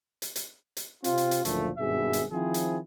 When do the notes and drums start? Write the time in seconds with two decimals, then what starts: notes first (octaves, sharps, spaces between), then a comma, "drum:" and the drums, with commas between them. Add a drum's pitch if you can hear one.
0.22 drum: hi-hat
0.36 drum: hi-hat
0.77 drum: hi-hat
1.04 C3 C4 F4, drum: hi-hat
1.18 drum: hi-hat
1.31 drum: hi-hat
1.45 F#1 D2 A#2 F3 A3, drum: hi-hat
1.78 G#1 G2 B2 G#4 E5
2.13 drum: hi-hat
2.32 D#3 F3 C4 E4 G#4
2.54 drum: hi-hat